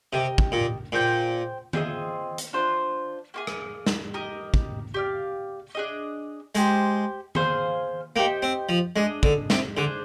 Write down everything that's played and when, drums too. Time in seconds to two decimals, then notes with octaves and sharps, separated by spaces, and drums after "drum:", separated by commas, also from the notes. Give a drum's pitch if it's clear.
0.12 C3 G4 A#4 D#5
0.38 drum: kick
0.52 A#2
0.92 A#2 G#4 C5 G5
1.73 C4 F4 G#4 D#5, drum: tom D#3
2.38 drum: hi-hat
2.53 D4 F4 C5
3.34 A#3 F4 G#4
3.47 drum: rim click
3.87 drum: snare
4.14 G4 A#4 D#5
4.54 drum: kick
4.94 G4 D5 F5
5.75 D4 G#4 D#5
6.55 G#3 G4 C5 G5, drum: hi-hat
7.35 G#4 C5 F5 G#5, drum: tom D#3
8.16 A#3 D#4 G4 C5 G5
8.43 C4
8.69 F3
8.96 G#3 D4 G#4 D#5
9.23 D3, drum: kick
9.50 C3, drum: snare
9.76 D3 D4 G#4 C5